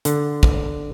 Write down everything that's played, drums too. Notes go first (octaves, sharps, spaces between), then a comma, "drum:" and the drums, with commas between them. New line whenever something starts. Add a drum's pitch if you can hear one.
D3, drum: hi-hat
drum: kick